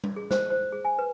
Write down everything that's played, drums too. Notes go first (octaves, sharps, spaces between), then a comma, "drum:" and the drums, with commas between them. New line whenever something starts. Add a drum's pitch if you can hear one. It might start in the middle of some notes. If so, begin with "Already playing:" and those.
drum: tom G3
G#4
C5, drum: snare G#3
C5
G#4
G#5
B4